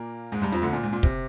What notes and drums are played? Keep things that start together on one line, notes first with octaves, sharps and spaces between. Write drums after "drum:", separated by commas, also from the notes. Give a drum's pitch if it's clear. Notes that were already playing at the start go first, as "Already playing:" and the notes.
Already playing: A#2 A#3
G#2 G#3
G2 G3
F2 F3
D2 D3
A#2
G#2
A#2
C3, drum: kick